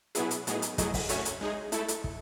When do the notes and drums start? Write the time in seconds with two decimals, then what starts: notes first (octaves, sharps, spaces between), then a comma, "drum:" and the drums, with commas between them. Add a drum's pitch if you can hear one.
0.15 B2 F#3 B3 E4 G#4, drum: hi-hat
0.31 drum: hi-hat
0.47 A2 F#3 B3 D#4 G#4, drum: hi-hat
0.62 drum: hi-hat
0.78 F#3 A3 E4 G#4 D#5, drum: kick, hi-hat
0.94 drum: kick, open hi-hat
1.09 A3 C#4 F#4 C#5 E5, drum: hi-hat
1.25 drum: hi-hat
1.41 G#3 D#4 G#4
1.72 A3 E4 A4, drum: hi-hat
1.88 drum: hi-hat
2.04 drum: kick